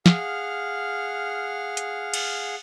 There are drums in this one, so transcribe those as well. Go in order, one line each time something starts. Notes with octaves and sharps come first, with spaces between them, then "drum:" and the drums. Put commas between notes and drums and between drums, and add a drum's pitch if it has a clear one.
G#4 F5 F#5 F6, drum: snare
drum: hi-hat
drum: cymbal